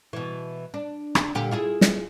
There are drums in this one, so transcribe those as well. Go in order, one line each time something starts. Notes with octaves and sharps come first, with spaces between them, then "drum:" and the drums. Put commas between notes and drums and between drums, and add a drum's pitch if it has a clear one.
B2 E3
D4
drum: rim click
A#2 D3 G4
E4 F4 G#4
drum: snare